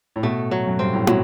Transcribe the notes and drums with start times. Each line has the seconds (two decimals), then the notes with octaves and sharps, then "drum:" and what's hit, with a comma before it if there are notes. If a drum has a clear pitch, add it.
0.16 A2
0.23 B2 A3
0.51 F#3
0.67 F#2
0.79 G2 C4
0.94 A2
1.07 B2 F#3, drum: tom